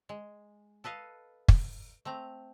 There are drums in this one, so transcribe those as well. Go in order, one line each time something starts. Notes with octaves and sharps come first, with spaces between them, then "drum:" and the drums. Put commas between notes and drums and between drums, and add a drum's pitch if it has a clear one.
G#3
A4 B4 D#5 F5
drum: kick
A3 C4 A#5